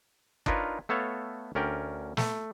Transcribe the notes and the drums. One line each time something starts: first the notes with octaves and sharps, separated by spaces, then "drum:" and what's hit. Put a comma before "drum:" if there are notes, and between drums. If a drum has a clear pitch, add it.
D4 D#4 F4 A#4 B4 C#5, drum: kick
A3 B3 A4 C#5 F5
D2 C#4 A#4 D5 G5
A3, drum: snare